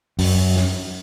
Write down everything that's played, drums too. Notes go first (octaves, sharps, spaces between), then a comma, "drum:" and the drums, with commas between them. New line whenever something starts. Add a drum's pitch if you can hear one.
F#2, drum: open hi-hat
drum: snare